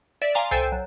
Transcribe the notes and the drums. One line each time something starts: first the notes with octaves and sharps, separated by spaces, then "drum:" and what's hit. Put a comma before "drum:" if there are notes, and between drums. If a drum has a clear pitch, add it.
D5 E5 A6 B6
F5 G#5 A#5 C6 D6 F6
A4 C5 G5 G#5 G6 A6, drum: tom C2
F#3